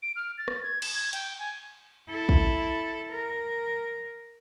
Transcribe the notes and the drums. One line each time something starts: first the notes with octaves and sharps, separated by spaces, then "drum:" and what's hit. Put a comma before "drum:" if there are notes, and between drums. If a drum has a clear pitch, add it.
D7
F6
A6
drum: rim click
G#6
E7, drum: cymbal
G#6
G5, drum: hi-hat
G#5
E4 A4
drum: kick
A#4